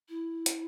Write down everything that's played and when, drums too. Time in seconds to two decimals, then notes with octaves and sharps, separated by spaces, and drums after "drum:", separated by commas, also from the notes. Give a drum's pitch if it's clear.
0.09 E4
0.46 drum: hi-hat